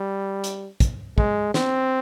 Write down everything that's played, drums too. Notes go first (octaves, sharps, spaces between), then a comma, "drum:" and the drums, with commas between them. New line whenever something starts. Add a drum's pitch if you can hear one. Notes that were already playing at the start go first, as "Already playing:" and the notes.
Already playing: G3
drum: hi-hat
drum: kick, hi-hat
G#3, drum: kick
C4, drum: snare